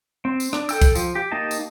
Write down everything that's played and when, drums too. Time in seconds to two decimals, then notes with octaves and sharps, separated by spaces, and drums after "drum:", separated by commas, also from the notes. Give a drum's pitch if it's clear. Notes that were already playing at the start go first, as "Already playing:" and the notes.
0.25 C4
0.40 drum: tambourine
0.53 D4, drum: rim click
0.69 A4 G5 E6, drum: tambourine
0.82 drum: kick, tambourine
0.95 F3, drum: tambourine
1.15 G4
1.32 A#3 D#4 G4 D#5 A5
1.51 drum: tambourine